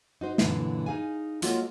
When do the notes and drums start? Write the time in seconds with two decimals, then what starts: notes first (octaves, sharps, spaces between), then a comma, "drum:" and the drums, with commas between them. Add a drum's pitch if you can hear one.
0.21 D#4 F#4 C5
0.38 F#2 A#2 D3 E3, drum: snare
0.86 D#4 G#4 F5 G#5
1.42 G#3 A#3 F4 F#4 A4 C#5, drum: hi-hat